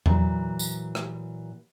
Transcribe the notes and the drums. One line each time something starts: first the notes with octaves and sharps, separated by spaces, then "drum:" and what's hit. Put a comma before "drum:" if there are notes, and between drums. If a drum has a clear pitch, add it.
A#2 D3 E3 F#3, drum: tom E2
drum: tambourine
drum: rim click